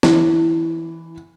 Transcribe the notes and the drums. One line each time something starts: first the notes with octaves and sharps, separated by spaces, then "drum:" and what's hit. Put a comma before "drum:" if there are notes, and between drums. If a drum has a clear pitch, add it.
E3, drum: snare